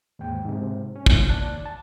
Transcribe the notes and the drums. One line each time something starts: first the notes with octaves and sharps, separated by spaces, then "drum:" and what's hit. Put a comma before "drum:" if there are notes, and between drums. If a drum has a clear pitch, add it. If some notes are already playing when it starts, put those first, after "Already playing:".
D#2 G#2 G5
G#2 C3
C#4
drum: kick
D#2 D5 A5 F#6
A5